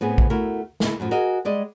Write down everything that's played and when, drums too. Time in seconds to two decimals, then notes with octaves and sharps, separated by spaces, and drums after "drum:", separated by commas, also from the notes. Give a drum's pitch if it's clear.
0.01 A2 B3 C4 G#4
0.18 drum: kick A#1
0.30 A3 E4 F#4 A#4
0.80 A#3 E4, drum: snare
1.00 F#2 A2 F3
1.11 F#4 G#4 A#4 D#5
1.45 G3 G#3 D5 D#5